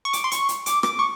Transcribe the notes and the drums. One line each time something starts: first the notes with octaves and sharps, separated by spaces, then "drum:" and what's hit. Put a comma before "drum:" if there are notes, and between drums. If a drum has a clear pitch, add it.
C#6
D6, drum: hi-hat
C6
C#6, drum: hi-hat
drum: hi-hat
D6, drum: hi-hat
D6, drum: rim click
C#6